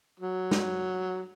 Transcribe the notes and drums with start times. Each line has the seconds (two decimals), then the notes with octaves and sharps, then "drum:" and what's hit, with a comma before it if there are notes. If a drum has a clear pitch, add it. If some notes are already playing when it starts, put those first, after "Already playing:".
0.20 F#3
0.51 drum: snare